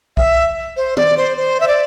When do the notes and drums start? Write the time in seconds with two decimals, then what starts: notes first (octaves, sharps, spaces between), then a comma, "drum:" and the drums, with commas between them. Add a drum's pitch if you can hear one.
0.17 E5, drum: kick B1
0.77 C5
0.97 D5, drum: tom
1.17 C5
1.37 C5
1.60 E5
1.68 D5